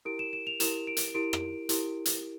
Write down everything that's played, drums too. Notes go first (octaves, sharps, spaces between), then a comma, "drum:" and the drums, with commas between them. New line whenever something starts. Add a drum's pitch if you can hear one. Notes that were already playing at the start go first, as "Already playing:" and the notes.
E4 G4 A#4 D7
E7
E7
F7
E4 G4 A#4 E7, drum: hi-hat
D7
drum: hi-hat
E4 G4 A#4 D7
drum: rim click
E4 G4 A#4, drum: hi-hat
drum: hi-hat